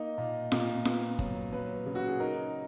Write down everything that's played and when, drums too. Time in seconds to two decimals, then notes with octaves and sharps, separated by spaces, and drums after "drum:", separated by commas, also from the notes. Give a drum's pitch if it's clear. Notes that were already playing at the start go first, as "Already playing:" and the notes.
Already playing: A#3 D#4 D#5
0.18 A#2
0.52 A#2, drum: snare F4
0.85 B3, drum: snare F4
1.19 F#3, drum: kick
1.52 F#3 B4
1.86 C#3
1.95 F#4
2.08 G#4
2.20 D#4 A#4